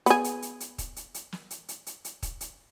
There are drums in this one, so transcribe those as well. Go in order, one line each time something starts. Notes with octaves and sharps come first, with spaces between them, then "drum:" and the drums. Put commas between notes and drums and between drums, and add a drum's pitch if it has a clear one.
B3 G#4, drum: hi-hat
drum: hi-hat
drum: hi-hat
drum: hi-hat
drum: kick, hi-hat
drum: hi-hat
drum: hi-hat
drum: snare
drum: hi-hat
drum: hi-hat
drum: hi-hat
drum: hi-hat
drum: kick, hi-hat
drum: hi-hat